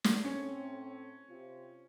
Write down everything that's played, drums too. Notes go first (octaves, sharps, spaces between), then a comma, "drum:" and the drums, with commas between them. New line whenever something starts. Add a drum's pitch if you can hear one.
drum: snare
A2 A3 C4 C#4
C3 C4 F4